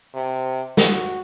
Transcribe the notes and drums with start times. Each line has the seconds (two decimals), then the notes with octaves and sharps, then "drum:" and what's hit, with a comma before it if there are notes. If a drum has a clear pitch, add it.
0.14 C3
0.77 F#4, drum: snare